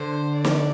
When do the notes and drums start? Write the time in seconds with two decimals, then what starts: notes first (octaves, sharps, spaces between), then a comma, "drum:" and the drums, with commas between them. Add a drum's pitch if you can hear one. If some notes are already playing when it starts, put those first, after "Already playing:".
Already playing: D3 C5
0.35 D5
0.45 drum: snare